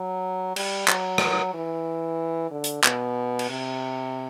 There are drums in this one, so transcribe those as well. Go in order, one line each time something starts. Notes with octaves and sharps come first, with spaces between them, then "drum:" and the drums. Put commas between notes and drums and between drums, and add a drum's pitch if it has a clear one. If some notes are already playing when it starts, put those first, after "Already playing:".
Already playing: F#3
G3, drum: cymbal
F#3, drum: clap
drum: rim click
E3
D3
drum: hi-hat
B2, drum: clap
drum: cymbal
C3